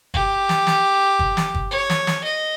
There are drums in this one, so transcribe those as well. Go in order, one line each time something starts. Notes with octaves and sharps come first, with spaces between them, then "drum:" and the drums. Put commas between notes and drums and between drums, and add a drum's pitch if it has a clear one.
G4, drum: kick
drum: snare
drum: snare
drum: kick
drum: snare
drum: kick
C#5
drum: snare
drum: snare
D#5